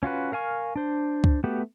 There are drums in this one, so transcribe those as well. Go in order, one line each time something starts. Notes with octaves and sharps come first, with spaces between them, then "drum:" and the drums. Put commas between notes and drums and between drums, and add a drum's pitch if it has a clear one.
C#4 F4 F#4 B4
A#4 F5 G#5 C#6
D4 C5
drum: kick C#2
A3 B3 F#4 G4